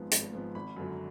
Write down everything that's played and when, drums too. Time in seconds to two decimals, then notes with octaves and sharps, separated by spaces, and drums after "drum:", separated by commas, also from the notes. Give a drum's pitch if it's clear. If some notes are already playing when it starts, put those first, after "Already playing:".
Already playing: G#1 G#2 F3 B3
0.12 G#1, drum: hi-hat
0.33 G#2 F3 B3
0.55 G#1 B5
0.76 F#2 D3 F#3